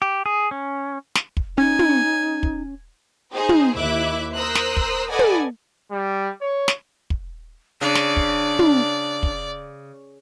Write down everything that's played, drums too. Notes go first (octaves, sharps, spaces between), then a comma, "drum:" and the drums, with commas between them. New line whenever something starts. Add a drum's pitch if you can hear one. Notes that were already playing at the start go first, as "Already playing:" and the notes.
G4
G#4
C#4
drum: snare
drum: kick
C#4 D#4 G#5
drum: tom
drum: kick
D#4 G#4 C5
drum: tom
D#2 E4 E5 D6 F#6
A#4 C5 A#5 D#6 E6 F#6
drum: snare
drum: kick
A4 B4 D5 D#5 F#5 G#5
drum: tom
G3
C#5
drum: snare
drum: kick
C#3 D4 D5
drum: snare
drum: kick
drum: tom
drum: kick